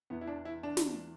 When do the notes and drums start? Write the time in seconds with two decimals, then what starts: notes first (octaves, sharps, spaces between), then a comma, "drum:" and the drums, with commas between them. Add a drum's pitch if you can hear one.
0.10 E2 E3 B3
0.21 E4
0.27 D4
0.45 E4
0.63 D4
0.77 drum: snare